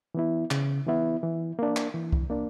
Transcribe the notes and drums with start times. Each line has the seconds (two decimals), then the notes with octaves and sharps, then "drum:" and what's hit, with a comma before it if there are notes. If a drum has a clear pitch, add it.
0.15 E3 B3 E4
0.51 C#3, drum: clap
0.86 E3 B3 E4
1.23 E3
1.59 A#3 D4
1.77 drum: clap
1.94 E3
2.12 drum: kick C2
2.30 A#3 D4